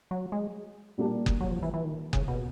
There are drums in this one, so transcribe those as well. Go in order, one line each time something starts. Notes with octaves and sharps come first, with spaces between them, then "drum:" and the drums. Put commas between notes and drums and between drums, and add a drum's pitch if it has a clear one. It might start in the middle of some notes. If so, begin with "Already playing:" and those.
F#3
G#3
A#2 G3 A#3 D4 G4
drum: kick F#1
F#3
F3
E3
E3
D#3
C#3, drum: kick F#1
B2